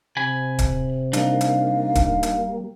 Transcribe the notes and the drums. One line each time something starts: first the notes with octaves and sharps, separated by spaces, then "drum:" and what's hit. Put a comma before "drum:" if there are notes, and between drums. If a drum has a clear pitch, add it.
C3 G#5 B5
drum: kick, hi-hat
G3 A#3 D4 D#4 F5, drum: hi-hat
drum: hi-hat
drum: kick, hi-hat
drum: hi-hat